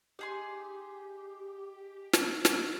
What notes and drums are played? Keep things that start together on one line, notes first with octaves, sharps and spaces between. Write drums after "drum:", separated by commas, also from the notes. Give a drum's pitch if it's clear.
D#4 G4 G#4 C6
drum: snare
drum: snare